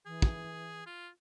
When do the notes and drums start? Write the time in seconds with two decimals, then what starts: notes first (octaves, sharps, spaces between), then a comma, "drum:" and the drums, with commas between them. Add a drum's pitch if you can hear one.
0.06 E3 G#4
0.22 drum: kick
0.86 F4